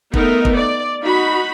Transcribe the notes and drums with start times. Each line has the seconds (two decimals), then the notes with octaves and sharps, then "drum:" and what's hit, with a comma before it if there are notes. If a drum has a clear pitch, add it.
0.14 A3 B3 D#4 A#4, drum: kick
0.45 drum: kick
0.56 D5
1.02 D#4 F#4 B5